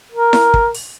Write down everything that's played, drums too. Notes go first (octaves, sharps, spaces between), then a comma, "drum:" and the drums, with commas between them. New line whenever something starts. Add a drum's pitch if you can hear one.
A#4
drum: snare E4
drum: kick
drum: open hi-hat